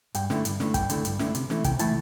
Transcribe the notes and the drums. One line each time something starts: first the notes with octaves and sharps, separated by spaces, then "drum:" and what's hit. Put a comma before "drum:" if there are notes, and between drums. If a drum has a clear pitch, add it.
G2 G5, drum: hi-hat
D3 A3 E4, drum: snare
G2, drum: hi-hat
D3 A3 E4, drum: snare
G2 G5, drum: kick, hi-hat
D3 A3 E4, drum: hi-hat
G2, drum: hi-hat
D3 A3 E4, drum: snare
C3, drum: hi-hat
E3 A3 E4, drum: snare
C3 G5, drum: kick, hi-hat
E3 A3 E4 A5, drum: hi-hat